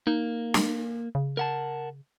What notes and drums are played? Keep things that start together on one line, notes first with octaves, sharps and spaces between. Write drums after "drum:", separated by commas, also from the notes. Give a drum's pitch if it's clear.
A#3 D#4
drum: snare
C#3
A#4 F#5 A5